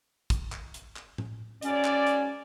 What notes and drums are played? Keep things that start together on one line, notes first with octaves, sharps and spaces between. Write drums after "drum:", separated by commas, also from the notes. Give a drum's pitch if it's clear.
drum: kick, hi-hat
drum: clap
drum: hi-hat
drum: clap
drum: tom A2
G#2 F#3 C#4 D5, drum: hi-hat
drum: clap
drum: hi-hat